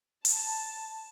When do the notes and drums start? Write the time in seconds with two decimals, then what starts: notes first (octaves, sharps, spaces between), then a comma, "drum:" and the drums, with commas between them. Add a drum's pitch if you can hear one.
0.25 A5, drum: hi-hat